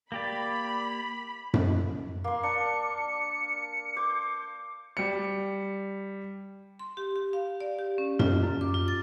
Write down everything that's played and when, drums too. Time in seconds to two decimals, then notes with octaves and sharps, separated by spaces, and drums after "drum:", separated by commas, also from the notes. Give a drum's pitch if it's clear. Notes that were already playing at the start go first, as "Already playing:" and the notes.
0.12 A#3 G4 D5 B5
1.54 drum: tom F#2
2.24 A#3 C6
2.43 D4 C#7
3.97 C5 D6
4.97 G3 C#7
6.79 C6
6.97 G4
7.16 G4
7.33 F5
7.60 D5
7.79 G4
7.98 C#4
8.19 F4, drum: tom F#2
8.43 F#2
8.61 D6
8.74 F4
8.88 A6